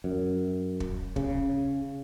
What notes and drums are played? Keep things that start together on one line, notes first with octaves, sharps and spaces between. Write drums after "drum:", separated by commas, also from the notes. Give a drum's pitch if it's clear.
F#2
drum: kick
C#3, drum: kick